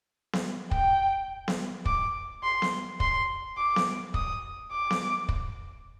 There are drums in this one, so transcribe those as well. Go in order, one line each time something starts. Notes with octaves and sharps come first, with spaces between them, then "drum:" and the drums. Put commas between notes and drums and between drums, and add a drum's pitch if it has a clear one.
drum: snare B3
G5, drum: kick
drum: snare B3
D6, drum: kick
C6
drum: snare B3
C6, drum: kick
D6
drum: snare B3
D#6, drum: kick
D6
drum: snare B3
drum: kick